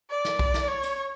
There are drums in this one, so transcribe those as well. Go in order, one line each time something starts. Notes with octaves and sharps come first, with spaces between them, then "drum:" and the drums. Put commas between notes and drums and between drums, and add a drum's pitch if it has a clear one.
D5
drum: snare
drum: kick B1
drum: snare
C#5
drum: hi-hat